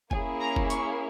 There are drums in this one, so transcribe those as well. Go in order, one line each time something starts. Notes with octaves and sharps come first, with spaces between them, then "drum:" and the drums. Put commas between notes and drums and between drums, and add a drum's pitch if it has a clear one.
A#3 C#4 E4 G#4 G#5, drum: kick F1
A#5
drum: kick F1
C#6, drum: hi-hat